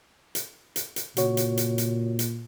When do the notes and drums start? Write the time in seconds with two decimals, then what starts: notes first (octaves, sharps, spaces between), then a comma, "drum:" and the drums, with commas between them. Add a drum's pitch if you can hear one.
0.35 drum: hi-hat
0.76 drum: hi-hat
0.96 drum: hi-hat
1.17 A#2 C#3 F#4 C#5, drum: hi-hat
1.37 drum: hi-hat
1.57 drum: hi-hat
1.78 drum: hi-hat
2.19 drum: hi-hat